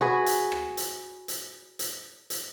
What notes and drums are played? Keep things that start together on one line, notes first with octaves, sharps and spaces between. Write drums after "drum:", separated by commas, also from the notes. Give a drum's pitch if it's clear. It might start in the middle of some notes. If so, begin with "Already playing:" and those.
F#4 G#4 B4
drum: hi-hat
drum: rim click
drum: hi-hat
drum: hi-hat
drum: hi-hat
drum: hi-hat